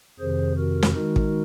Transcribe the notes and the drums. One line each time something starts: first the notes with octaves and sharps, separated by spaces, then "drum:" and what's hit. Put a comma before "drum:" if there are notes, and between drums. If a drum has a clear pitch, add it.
F2 C3 D#3 G#4 C5
F#4 A#4
drum: snare
D#3 G#3 D#4 F#4 A#4
drum: kick